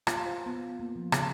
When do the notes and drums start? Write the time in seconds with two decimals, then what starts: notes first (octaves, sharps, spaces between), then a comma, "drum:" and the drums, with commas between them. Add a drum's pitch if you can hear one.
0.07 F4, drum: rim click
0.26 C5
0.46 B3
0.79 A#3
0.96 F3
1.12 C#3, drum: rim click